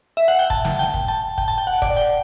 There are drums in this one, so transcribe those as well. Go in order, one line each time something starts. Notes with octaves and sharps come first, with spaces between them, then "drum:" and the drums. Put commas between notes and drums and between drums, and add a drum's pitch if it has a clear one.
E5
F#5
G5
A5, drum: kick
drum: snare
G5
drum: kick
A5
G5, drum: kick
A5
G5
F#5
D5, drum: kick
G5